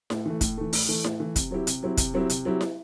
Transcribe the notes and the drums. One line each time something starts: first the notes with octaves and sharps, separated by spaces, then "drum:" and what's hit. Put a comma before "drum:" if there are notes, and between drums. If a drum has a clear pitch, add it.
A2, drum: snare E4
E3 A3
A2, drum: kick, hi-hat
E3 A3
A2, drum: open hi-hat
E3 A3
A2, drum: snare E4
E3 A3
C3, drum: kick, hi-hat
F#3 C4 E4 G4
C3, drum: hi-hat
F#3 C4 E4 G4
C3, drum: kick, hi-hat
F#3 C4 E4 G4
C3, drum: hi-hat
F#3 C4 E4 G4
drum: snare E4